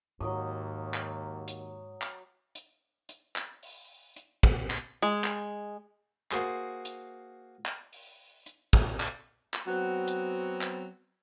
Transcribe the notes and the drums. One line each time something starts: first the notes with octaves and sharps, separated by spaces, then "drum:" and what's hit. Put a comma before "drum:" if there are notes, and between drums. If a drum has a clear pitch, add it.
D#2 G#2 F#3 D#5 D#6
drum: clap
drum: hi-hat
drum: clap
drum: hi-hat
drum: hi-hat
drum: clap
drum: open hi-hat
drum: hi-hat
drum: kick
drum: clap
G#3
drum: clap
A#3 F#4 G#4 C5, drum: clap
drum: hi-hat
drum: clap
drum: open hi-hat
drum: hi-hat
drum: kick
drum: clap
drum: clap
F#3 B3 C4 F#4
drum: hi-hat
drum: clap